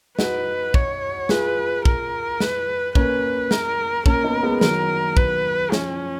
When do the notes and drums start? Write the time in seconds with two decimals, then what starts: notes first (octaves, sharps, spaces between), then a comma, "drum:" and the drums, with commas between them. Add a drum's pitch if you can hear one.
0.19 D#4 F#4 B4, drum: snare
0.74 C#5, drum: kick
1.29 F4 G#4 B4, drum: snare
1.85 A#4, drum: kick
2.40 B4, drum: snare
2.95 A#3 C#4 B4, drum: kick
3.51 A#4, drum: snare
4.06 A#3 C#4 A#4, drum: kick
4.24 B3 D#4
4.43 G#3 B3
4.61 D#3 F#3 A#4, drum: snare
5.17 B4, drum: kick
5.72 F3 C#4, drum: snare